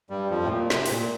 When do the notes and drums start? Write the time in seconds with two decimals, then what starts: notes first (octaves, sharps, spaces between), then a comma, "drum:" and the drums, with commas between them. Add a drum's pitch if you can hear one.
0.10 G2 G3
0.30 F2 F3
0.44 A2
0.51 A#2
0.70 C3, drum: snare
0.86 A2, drum: open hi-hat
0.91 A#2